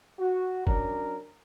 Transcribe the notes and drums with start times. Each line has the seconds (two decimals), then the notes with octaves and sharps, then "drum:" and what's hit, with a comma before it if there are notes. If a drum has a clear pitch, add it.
0.19 F#4
0.67 F#3 C#4 D4 A#4, drum: kick